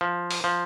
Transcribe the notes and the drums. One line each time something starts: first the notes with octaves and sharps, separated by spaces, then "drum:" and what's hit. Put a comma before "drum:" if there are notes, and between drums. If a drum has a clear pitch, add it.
F3
drum: open hi-hat
F3